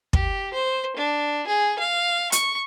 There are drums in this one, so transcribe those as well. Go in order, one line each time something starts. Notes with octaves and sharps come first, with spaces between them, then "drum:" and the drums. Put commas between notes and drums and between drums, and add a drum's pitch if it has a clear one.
G4, drum: kick
C5
D4
G#4
F5
C#6, drum: hi-hat